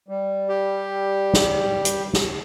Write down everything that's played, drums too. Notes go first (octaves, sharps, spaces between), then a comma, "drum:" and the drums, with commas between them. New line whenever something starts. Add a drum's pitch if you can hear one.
G3
G4
drum: snare
drum: hi-hat
drum: snare